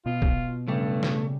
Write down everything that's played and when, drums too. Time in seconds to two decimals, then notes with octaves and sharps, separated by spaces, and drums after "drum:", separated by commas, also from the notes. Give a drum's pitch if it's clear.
0.06 B2 F4
0.22 drum: kick A#1
0.68 G2 C#3 G3 A3
1.03 drum: snare